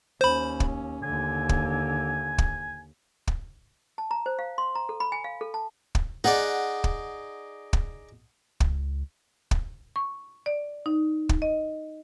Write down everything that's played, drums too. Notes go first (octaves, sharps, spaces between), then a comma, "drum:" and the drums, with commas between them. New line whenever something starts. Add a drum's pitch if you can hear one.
D#2 C#4 C5 B5
drum: kick
D#2 D3 G#5
drum: kick
drum: kick
drum: kick
A5
A#5
C5
F5
C6
A#5
A4
B5
G#5
F5
A4
A5
drum: kick
D#4 G#4 D5 F#5
drum: kick
drum: kick
C#2, drum: kick
drum: kick
C#6
D5
D#4
drum: kick
D#5